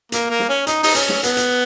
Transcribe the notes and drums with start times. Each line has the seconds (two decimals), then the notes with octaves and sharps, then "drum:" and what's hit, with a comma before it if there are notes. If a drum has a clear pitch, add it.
0.12 A#3, drum: hi-hat
0.30 A#3
0.40 drum: snare
0.49 C#4
0.67 D#4, drum: hi-hat
0.83 D#4, drum: open hi-hat
0.95 C#4, drum: hi-hat
1.09 drum: snare
1.23 B3, drum: hi-hat
1.37 drum: hi-hat